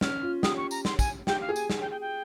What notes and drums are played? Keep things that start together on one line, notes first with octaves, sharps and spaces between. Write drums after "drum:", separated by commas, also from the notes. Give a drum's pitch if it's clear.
C#4 F6, drum: snare
F4
G4 D#6, drum: snare
C#6
A#5, drum: tambourine
C6, drum: snare
G#5, drum: kick, tambourine
G4 G5, drum: snare
F5
G#4
G#5, drum: tambourine
drum: snare
G5
G5
G5